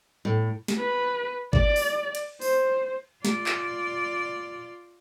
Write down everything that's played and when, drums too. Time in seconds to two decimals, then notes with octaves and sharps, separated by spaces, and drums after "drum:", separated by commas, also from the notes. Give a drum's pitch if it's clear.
0.25 A2
0.68 drum: snare
0.78 B4
1.53 D5, drum: kick
1.76 drum: open hi-hat
2.15 drum: cymbal
2.42 C5, drum: open hi-hat
3.25 F4 D5, drum: snare
3.46 drum: clap